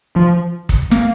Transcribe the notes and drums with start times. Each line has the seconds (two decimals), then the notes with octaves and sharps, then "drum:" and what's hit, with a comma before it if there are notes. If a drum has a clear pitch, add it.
0.16 F3
0.69 drum: kick, hi-hat
0.91 A#3, drum: snare